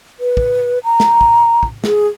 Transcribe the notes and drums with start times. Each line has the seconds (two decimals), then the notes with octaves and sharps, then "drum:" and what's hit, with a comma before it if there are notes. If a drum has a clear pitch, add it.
0.20 B4
0.37 drum: kick
0.84 A#5
1.00 drum: snare
1.21 drum: kick
1.63 drum: kick
1.84 G#4, drum: snare